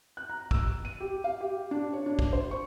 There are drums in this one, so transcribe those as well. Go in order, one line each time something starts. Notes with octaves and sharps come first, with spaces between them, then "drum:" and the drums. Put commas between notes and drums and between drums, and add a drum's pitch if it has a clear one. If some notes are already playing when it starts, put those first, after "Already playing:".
F#6
A#5
E6, drum: kick
D#7
G4
F5
G4
D4
C#5
D4
drum: kick
C5
C#6